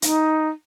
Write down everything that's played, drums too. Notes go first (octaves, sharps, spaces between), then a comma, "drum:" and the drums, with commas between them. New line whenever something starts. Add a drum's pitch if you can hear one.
D#4, drum: hi-hat